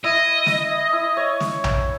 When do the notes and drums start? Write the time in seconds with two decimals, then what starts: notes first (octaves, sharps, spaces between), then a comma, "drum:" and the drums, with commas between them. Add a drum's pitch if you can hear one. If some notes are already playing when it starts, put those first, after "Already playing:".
0.04 E4 D#5
0.46 drum: snare
0.93 E4
1.17 C#5
1.40 drum: snare
1.64 drum: tom A#1